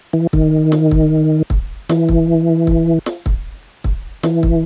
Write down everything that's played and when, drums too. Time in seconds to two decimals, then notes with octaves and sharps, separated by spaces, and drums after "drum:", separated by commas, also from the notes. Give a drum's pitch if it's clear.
0.13 E3
0.33 D#3, drum: kick
0.72 drum: snare
0.91 drum: kick
1.50 drum: kick
1.89 E3, drum: snare
2.09 drum: kick
2.67 drum: kick
3.06 drum: snare
3.26 drum: kick
3.84 drum: kick
4.23 E3, drum: snare
4.43 drum: kick